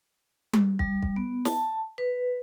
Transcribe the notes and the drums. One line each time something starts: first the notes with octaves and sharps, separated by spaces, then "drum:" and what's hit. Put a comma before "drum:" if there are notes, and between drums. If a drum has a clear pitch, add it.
drum: tom G3
G3, drum: kick
drum: kick
B3
A5, drum: snare
B4